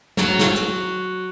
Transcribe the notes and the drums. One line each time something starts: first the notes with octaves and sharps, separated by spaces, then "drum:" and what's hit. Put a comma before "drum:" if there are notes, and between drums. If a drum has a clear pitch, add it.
F#3, drum: snare
drum: snare
drum: hi-hat